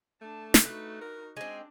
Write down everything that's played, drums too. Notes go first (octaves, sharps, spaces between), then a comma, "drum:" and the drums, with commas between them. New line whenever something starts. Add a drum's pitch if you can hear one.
A3 D4 A5
drum: snare
D#4 F#4 B4
A#4
G#3 C4 D4 G#5